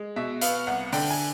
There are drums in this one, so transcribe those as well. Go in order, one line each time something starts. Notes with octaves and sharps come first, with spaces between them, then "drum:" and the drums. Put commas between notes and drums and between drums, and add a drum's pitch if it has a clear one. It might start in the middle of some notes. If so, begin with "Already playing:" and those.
Already playing: G#3
B2 E5
B3 F5, drum: hi-hat
C2 F#5
D3 G5, drum: open hi-hat
G#5